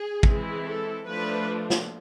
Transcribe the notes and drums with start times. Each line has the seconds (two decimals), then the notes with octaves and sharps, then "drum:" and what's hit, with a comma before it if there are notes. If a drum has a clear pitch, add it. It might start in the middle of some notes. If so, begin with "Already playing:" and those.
Already playing: G#4
0.23 E3 G#3 C4 E4, drum: kick
0.65 A4
1.07 F3 A3 D4 F4 B4
1.70 drum: snare